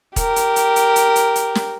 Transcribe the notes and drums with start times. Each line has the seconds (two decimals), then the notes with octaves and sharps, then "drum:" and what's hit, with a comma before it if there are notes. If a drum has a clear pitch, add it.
0.16 G4 A#4, drum: kick, hi-hat
0.36 drum: hi-hat
0.56 drum: hi-hat
0.76 drum: hi-hat
0.96 drum: hi-hat
1.16 drum: hi-hat
1.36 drum: hi-hat
1.55 drum: snare